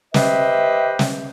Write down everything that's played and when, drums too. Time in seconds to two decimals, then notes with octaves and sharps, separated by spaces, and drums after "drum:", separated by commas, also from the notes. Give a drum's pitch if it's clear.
0.14 G4 B4 C5 D#5 E5, drum: snare
0.99 drum: snare